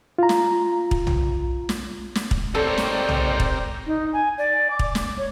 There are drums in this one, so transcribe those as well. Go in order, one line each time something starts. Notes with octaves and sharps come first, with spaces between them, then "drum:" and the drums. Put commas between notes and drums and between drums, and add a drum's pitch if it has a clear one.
F4 A#5
drum: snare
drum: kick
drum: tom B1
drum: snare
drum: snare
drum: kick
G#2 C4 G4 A4 A#4 C#5 D5
drum: snare
drum: tom B1
drum: kick
D#4
G#5
D5
D6
drum: kick
drum: snare
C#5